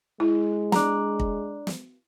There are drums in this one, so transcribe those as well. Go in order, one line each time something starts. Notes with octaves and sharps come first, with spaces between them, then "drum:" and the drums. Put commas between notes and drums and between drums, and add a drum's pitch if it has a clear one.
G#3 E4
D4 A#5, drum: snare
drum: kick
drum: snare